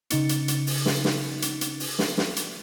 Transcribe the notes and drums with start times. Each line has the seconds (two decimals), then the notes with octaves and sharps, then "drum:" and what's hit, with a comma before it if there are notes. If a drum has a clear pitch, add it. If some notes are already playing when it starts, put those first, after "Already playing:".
0.10 C#3 C#4 D#4 A6 C#7, drum: hi-hat
0.29 drum: hi-hat
0.48 drum: hi-hat
0.67 drum: open hi-hat
0.86 drum: snare
1.05 drum: snare
1.42 drum: hi-hat
1.61 drum: hi-hat
1.80 drum: open hi-hat
1.99 drum: snare
2.18 drum: snare
2.36 drum: hi-hat